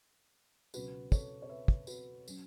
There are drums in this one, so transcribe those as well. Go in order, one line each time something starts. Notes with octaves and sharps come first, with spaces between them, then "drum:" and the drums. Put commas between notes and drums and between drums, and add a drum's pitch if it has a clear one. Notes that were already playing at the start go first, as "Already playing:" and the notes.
C#2 B2 F#3 C#4 F#4 B4, drum: tambourine
A4 C#5, drum: kick, tambourine
C#5
B4 E5
drum: kick
F#4 B4, drum: tambourine
F#3 C#4, drum: tambourine